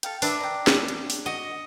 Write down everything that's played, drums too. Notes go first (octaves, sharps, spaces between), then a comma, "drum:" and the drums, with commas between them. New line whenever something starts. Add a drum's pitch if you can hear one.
A4 F5 G5, drum: hi-hat
D4 B4 D5 E5, drum: open hi-hat
G5 A#5
drum: snare
drum: hi-hat
drum: open hi-hat
F#4 D#5